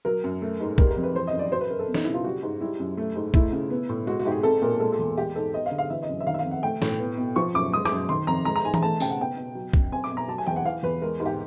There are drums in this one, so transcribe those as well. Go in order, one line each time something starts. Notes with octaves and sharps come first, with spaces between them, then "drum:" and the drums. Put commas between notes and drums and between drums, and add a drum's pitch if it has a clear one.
F#3 A#4
F#2
A3
G#2
G3 A#4, drum: kick
A#4
F2
B4
E3 C5
D#5
F#2
D5
F#3 C5
B4
F#2 A#4
A4
B3
D#4, drum: snare
C#3 E4
F4
G3 F#4
G#2
G3 E4
F#2
A3
G#2
A3 E4, drum: kick
C#3
B3
A2
G#3 F#4
F#4
G#2 G4
G#4
C4 A4
A#2 A#4
G#3 A4
A4
E2
G#3 G4
G#2 A4
B3 D#5
F5
D3
F5
E3 E5
D#5
F#2
E5
D#3 F5
E5
F5
F2
F#5
A3 G5
A2, drum: snare
B3
B2
F3 C#6
F#2 D6
G#3 D#6
D6, drum: rim click
F#2
D#3 C6
F2 A#5
G#3 A#5
A#5
G#2 G#5
A#5, drum: tom E3
A3 A5
C#3 G5, drum: tambourine
F#5
B3 G5
B2
F#3
F#2, drum: kick
C4 G#5
D6
B2
A#5
F#3 A5
G#5
E2 G5
F#5
E3 F5
E2 B4
G#3 A#4
G#2
G4